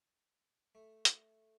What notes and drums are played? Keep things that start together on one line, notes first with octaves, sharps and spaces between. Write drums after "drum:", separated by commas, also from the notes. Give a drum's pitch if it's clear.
A3
drum: hi-hat